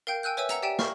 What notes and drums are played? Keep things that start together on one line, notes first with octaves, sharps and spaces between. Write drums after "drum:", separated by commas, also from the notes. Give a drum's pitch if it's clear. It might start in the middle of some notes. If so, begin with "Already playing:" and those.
A#4 F5 G5 G6
G5 G#5 E6 F#6 G6
B4 C#5 E5 G#5 E6
F#5 A#5 E6, drum: hi-hat
G4 D5 E5 G5 G#5 E7
F5 C#6 F6, drum: snare